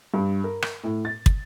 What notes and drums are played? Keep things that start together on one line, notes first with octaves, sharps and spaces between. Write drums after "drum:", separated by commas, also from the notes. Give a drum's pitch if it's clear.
G2
A#4
drum: rim click
A2
A6
drum: kick